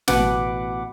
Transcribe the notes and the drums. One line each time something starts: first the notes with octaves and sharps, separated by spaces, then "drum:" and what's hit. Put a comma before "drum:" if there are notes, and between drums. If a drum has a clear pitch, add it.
A1 B2 B4 F#5 D6, drum: snare